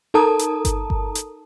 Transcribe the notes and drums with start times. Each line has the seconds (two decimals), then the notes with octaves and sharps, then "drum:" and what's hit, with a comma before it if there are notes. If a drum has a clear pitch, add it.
0.14 D#4 A4 A#4 A5 A#5 D#6
0.39 drum: hi-hat
0.65 drum: kick G1, hi-hat
0.90 drum: kick G1
1.15 drum: hi-hat